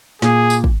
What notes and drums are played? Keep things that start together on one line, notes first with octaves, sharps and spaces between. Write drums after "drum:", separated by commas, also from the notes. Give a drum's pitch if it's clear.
A#2 G#4, drum: snare
drum: tambourine
drum: kick